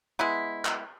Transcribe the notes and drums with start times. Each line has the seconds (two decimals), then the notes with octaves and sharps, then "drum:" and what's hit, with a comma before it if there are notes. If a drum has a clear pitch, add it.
0.19 G#3 B3 E4
0.65 drum: clap